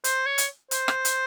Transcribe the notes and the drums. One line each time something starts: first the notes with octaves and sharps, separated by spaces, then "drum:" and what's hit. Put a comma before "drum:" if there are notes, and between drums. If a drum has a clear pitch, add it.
C5, drum: hi-hat
C#5
drum: hi-hat
C5, drum: hi-hat
drum: rim click
drum: hi-hat